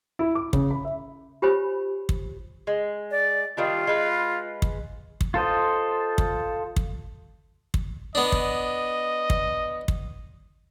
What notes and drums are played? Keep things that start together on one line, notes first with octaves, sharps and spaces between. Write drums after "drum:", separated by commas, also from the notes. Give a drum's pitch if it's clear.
E4
D6
C#3, drum: kick
B5
E5
F4 G4 C5 C#5 G#5 B5
drum: kick
G#3
D5
D#3 G3 D4 F4
G#3 B4
drum: kick
drum: kick
F4 A4 C5 D#5
drum: kick
drum: kick
drum: kick
B3 D4 D#5
drum: kick
drum: kick
drum: kick